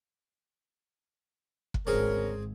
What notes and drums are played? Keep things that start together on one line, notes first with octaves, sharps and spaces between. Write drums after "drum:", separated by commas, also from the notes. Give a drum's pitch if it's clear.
drum: kick
G#1 D2 C4 C#4 G#4 A#4